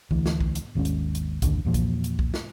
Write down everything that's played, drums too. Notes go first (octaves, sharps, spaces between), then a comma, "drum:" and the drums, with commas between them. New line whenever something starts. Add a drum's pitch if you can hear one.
D2 E3, drum: kick B1
drum: snare
drum: kick B1
drum: hi-hat
G#1 D#2 G#2 C#4
drum: hi-hat
drum: hi-hat
G#1 D#2 D3, drum: kick B1, hi-hat
E2 A#2 F3
drum: kick B1, hi-hat
drum: hi-hat
drum: kick B1
drum: snare